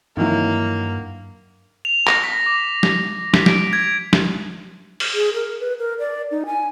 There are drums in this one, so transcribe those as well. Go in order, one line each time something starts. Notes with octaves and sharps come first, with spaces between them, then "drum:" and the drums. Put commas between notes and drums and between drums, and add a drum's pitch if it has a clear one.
G2 D#3 E3 F#3 A#3
F7
A#6, drum: clap
B6
D6
D6, drum: snare
B6, drum: snare
D7, drum: snare
G#6
drum: snare
drum: open hi-hat
G#4
A#4
B4
A#4
D5
D#4
G#5